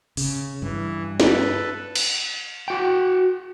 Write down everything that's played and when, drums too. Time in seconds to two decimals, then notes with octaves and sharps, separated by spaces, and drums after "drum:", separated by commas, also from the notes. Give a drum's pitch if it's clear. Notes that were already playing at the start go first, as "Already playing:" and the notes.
0.17 C#3, drum: open hi-hat
0.62 G2 E3
1.20 A4 B4, drum: snare
1.95 drum: cymbal
2.68 F#4 G5